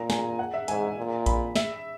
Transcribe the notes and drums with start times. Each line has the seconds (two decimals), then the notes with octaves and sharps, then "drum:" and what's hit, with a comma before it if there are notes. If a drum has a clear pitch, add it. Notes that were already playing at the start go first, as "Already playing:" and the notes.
Already playing: A#2 A#5
0.10 G#5, drum: snare
0.39 F#5
0.54 E5
0.68 G#2 G#5, drum: hi-hat
0.97 A#2
1.26 B5, drum: kick A#1, hi-hat
1.56 E5, drum: snare